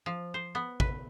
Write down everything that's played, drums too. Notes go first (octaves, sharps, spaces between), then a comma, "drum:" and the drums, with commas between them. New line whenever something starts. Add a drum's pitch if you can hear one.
F3
C5
B3
B4, drum: kick